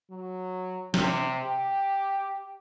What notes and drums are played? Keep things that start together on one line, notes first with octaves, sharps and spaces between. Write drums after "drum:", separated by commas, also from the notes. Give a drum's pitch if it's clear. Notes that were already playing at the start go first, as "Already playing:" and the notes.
F#3
C3, drum: snare
G4